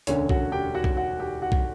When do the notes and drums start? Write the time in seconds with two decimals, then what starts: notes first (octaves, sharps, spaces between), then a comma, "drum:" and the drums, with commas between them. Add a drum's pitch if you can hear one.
0.07 E1 D2 D3 C#4 C#5, drum: hi-hat
0.29 F#4 F#5, drum: kick
0.52 G4 G5
0.74 F#4 F#5
0.84 drum: kick
0.97 F#4 F#5
1.19 G4 G5
1.42 F#4 F#5
1.52 drum: kick